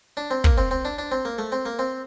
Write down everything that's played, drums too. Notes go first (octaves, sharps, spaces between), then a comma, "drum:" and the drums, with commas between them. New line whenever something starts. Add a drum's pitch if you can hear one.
D4
C4
A#3, drum: kick
C4
C4
D4
D4
C4
A#3
A3
C4
A#3
C4